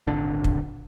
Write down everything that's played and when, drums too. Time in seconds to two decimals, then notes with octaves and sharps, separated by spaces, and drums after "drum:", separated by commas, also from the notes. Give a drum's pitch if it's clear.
0.07 D#1 G#1 D3 D4
0.44 drum: kick